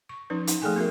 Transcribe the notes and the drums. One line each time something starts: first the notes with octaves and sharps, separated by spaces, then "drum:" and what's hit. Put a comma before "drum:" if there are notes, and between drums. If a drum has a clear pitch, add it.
C#6
F3 C#4 D#4 B4
D#4, drum: hi-hat
F3 A3 G#4 A4 G5 G#5
B3 F#4 A#4 E5